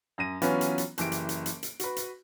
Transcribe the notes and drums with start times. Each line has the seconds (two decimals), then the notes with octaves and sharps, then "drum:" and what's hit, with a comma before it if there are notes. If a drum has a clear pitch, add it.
0.18 F#2 A#6 D#7
0.42 E3 F#3 B3 C#4 F4 B4, drum: hi-hat
0.61 drum: hi-hat
0.78 drum: hi-hat
0.98 F#1 E3 G4 D7, drum: hi-hat
1.12 drum: hi-hat
1.29 drum: hi-hat
1.46 drum: hi-hat
1.63 drum: hi-hat
1.80 F#4 B4, drum: hi-hat
1.97 drum: hi-hat